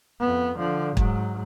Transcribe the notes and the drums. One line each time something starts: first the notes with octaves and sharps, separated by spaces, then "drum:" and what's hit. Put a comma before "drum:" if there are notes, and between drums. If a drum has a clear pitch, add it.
F2 B3
D3 F3
G#2 F#3, drum: kick